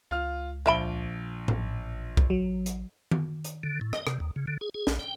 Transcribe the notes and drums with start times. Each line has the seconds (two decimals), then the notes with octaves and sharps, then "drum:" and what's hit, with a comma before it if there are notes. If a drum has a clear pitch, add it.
0.11 C#2 F4 F6
0.66 A#1 F3 E5 B5 D7 G7
1.48 A1, drum: tom A2
2.17 drum: kick C2
2.30 F#3
2.66 drum: hi-hat
3.11 drum: tom D#3
3.44 drum: hi-hat
3.63 D3
3.81 A2
3.93 D#5, drum: rim click
4.07 C3, drum: rim click
4.20 D#2
4.36 C#3
4.47 D3
4.61 G#4
4.74 G#4
4.87 A#1, drum: snare
4.99 G5